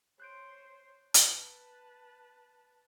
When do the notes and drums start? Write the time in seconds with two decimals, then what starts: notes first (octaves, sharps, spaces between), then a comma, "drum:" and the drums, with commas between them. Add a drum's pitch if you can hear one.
0.20 C5 C#5 C6 F#6 G6 D7
1.14 B4 A5, drum: hi-hat